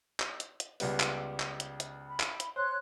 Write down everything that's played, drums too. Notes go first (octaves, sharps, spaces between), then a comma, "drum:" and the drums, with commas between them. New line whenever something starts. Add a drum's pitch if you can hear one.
drum: clap
drum: hi-hat
drum: hi-hat
C#2 G3 B3, drum: open hi-hat
drum: clap
drum: clap
drum: hi-hat
drum: hi-hat
B5
drum: clap
drum: hi-hat
C5 C#5 C6 F#6